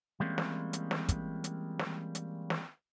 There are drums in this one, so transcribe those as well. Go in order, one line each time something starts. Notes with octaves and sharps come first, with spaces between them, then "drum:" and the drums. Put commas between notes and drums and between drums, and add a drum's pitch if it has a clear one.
E3 G3 G#3 A#3 C4 C#4
drum: snare
drum: hi-hat
drum: snare
drum: kick, hi-hat
drum: hi-hat
drum: snare
drum: hi-hat
drum: snare